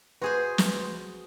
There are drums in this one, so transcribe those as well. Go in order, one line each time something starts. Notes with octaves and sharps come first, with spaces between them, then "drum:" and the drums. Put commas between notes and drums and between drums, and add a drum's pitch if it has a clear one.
F#4 G#4 B4 C5 C6 D#6
drum: snare